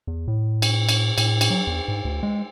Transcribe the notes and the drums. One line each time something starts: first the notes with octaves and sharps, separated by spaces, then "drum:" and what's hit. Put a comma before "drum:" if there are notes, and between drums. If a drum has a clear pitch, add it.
E2
A2
drum: cymbal
drum: cymbal
A2, drum: cymbal
drum: cymbal
F#3
E2
G#2
D2
G#3